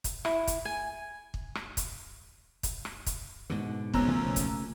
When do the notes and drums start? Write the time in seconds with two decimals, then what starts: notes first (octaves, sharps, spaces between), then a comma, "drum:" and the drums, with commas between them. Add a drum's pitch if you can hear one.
0.04 drum: kick, hi-hat
0.25 E4, drum: rim click
0.47 drum: kick, hi-hat
0.65 G#5
1.34 drum: kick
1.55 drum: rim click
1.77 drum: kick, hi-hat
2.63 drum: kick, hi-hat
2.85 drum: rim click
3.06 drum: kick, hi-hat
3.50 G#2 B2 D3
3.94 F1 B1 F3 G#3 B3 C#4 A#5 E6, drum: kick
4.08 C#3 A3 A#3
4.36 drum: kick, hi-hat